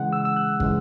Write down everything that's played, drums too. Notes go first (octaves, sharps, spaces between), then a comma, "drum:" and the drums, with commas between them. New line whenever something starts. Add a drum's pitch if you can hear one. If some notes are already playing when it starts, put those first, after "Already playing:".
Already playing: C#3 E3 G#3 F#5
E6
E6
F#6
C#3 E3 G#3, drum: kick